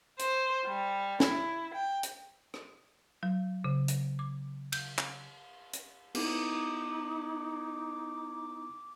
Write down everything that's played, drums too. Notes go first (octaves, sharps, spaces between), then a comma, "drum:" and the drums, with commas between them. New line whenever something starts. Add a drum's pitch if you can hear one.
C5, drum: hi-hat
G3
E4, drum: snare
G5
drum: hi-hat
drum: rim click
F#3
C#3
drum: hi-hat
D6
G6, drum: cymbal
drum: clap
drum: hi-hat
B3 D#4 E4 D6, drum: cymbal